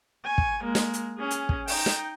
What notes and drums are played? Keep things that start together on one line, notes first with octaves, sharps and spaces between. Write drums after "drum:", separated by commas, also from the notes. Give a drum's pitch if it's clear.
G#5 C#6
drum: kick
G#3 A#3
drum: snare
drum: hi-hat
C#4 G#4
drum: hi-hat
drum: kick
D#4 G5, drum: open hi-hat
drum: snare